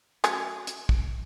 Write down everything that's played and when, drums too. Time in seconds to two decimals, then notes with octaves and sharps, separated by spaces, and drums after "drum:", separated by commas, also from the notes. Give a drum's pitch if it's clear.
0.24 F#3 A3 C#4, drum: hi-hat
0.67 drum: hi-hat
0.89 drum: kick